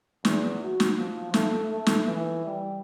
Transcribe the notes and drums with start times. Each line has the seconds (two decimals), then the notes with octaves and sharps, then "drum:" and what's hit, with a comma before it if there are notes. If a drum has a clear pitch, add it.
0.25 E2, drum: snare
0.63 F#4
0.80 drum: snare
0.98 F3
1.34 A3, drum: snare
1.69 A3
1.86 drum: snare
2.08 E3
2.46 G3